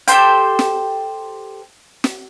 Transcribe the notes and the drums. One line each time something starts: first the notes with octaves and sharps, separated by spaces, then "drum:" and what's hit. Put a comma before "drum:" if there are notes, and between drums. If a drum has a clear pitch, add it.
G4 A4 C5 G5, drum: hi-hat
drum: snare
drum: snare